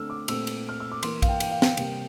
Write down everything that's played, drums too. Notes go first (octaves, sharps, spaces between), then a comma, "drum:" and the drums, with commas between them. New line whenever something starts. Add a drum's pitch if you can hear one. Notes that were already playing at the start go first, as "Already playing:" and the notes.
Already playing: D3 A3 C4 E6 F6
D6
A#2 A3 C4 E6, drum: cymbal
drum: cymbal
F6
E6
D6
E3 A#3 C6, drum: cymbal
F5, drum: kick A#1, cymbal
G5
G5, drum: cymbal
F5
G5, drum: snare
C3 G3 A#3, drum: cymbal